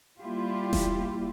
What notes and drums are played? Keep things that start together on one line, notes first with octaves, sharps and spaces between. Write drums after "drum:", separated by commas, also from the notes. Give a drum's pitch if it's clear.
G3 A#3 E4 F4 G4
drum: snare E1